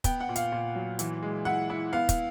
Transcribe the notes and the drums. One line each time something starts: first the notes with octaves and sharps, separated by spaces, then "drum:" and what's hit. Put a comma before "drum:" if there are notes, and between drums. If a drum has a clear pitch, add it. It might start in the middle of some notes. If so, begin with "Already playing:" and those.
B3 G5, drum: kick, hi-hat
F#5
A#2
F5, drum: hi-hat
A#2
F#3
E3, drum: hi-hat
G#3
E4 F#5
E4
B3 F5
drum: kick, hi-hat